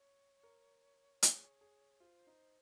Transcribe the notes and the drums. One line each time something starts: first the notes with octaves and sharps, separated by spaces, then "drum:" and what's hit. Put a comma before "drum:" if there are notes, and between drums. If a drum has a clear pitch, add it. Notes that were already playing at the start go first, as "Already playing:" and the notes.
Already playing: C#5
A#4
G#4, drum: hi-hat
G#4
F4 C5
D#4